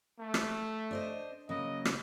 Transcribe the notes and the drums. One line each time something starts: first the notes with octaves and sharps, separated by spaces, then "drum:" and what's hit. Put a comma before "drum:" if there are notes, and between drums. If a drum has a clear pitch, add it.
A3
drum: rim click
D4 C5 D#5
C#3 F#3 A#3 D#5
drum: rim click